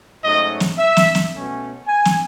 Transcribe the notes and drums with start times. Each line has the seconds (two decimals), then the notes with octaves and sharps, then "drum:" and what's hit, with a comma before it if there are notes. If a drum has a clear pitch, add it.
0.24 G#2 F#3 A3 C#4 D#5
0.60 drum: snare
0.78 E5
0.97 drum: snare
1.15 drum: snare
1.33 B2 A3 C#4
1.87 G#5
2.05 drum: snare